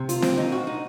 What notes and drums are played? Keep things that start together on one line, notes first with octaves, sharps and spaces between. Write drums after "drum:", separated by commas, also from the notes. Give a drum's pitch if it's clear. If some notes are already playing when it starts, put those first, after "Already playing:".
Already playing: C3
F4, drum: hi-hat
C4, drum: snare
D#4
F#4
D#4